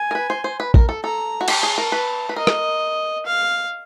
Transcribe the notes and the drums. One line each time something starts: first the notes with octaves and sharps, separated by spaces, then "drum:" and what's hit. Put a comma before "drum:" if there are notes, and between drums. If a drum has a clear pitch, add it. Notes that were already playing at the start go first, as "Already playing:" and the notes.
Already playing: G#5
A#4
B4
C5
C5
B4
A#4, drum: kick A#1
A4
A4 A#5
F#4
G4 A5, drum: cymbal
G#4
A#4
B4
B4
A#4 D#5
drum: rim click
F5